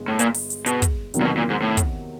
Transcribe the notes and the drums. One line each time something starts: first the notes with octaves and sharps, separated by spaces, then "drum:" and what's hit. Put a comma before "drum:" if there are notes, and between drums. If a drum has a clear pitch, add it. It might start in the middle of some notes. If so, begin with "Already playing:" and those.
Already playing: G1 G#3
A2
A#2, drum: hi-hat
drum: open hi-hat
drum: hi-hat
B2, drum: hi-hat
drum: kick, hi-hat
E2 C3 D#3 F#3 A#3, drum: hi-hat
A#2
B2
A#2
G#2
A2
drum: kick, hi-hat